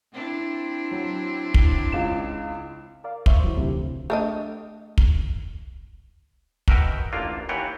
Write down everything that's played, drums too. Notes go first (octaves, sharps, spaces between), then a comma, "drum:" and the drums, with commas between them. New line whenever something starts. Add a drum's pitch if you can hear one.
C4 D4 E4
F#3
drum: kick
C#2 E7
A#4 D5 F5
C5 D5 E5 F5 C6 C#6, drum: kick
F#3 E4
D2 C3 E3
A3 D4 D#5
drum: kick
B2 F#4 A#4 D#5 E5 G5, drum: kick
A1 A#3 D4 F4 F5
D#2 E3 B4 C#5 F#5 G5